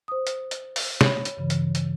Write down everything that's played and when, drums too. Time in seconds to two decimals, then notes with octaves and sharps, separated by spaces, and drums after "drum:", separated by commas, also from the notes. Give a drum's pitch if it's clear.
0.08 C5 D#6
0.27 drum: hi-hat
0.51 drum: hi-hat
0.76 drum: open hi-hat
1.01 C#5 B5, drum: snare
1.25 drum: hi-hat
1.37 G2 C#3 E3
1.50 drum: hi-hat
1.75 drum: hi-hat